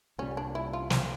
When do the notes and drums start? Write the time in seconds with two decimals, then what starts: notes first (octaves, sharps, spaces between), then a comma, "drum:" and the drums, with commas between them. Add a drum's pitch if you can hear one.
0.18 C2 A#2 G3 C#4
0.37 D4
0.55 E4
0.73 F4
0.90 C4, drum: snare